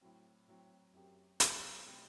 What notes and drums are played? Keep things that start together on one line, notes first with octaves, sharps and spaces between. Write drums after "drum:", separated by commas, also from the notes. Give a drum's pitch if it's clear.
A2 F#3 C4
A2 F#3 C4
F#2 F#3 C4 G4
F#2 F#3 C4 G4, drum: hi-hat
B2 F#3 A3 C4 G4